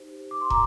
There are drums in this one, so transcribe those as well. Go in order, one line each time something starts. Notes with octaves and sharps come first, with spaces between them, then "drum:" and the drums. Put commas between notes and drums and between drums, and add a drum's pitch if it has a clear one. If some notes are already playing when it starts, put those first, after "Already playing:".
Already playing: D#4 G4 C5
D6
C6
A#5 D6, drum: kick